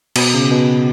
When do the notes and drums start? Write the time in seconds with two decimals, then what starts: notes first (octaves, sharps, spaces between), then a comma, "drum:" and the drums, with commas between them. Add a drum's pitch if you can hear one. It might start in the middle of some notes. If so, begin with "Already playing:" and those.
0.16 B2, drum: cymbal
0.34 C#3
0.51 B2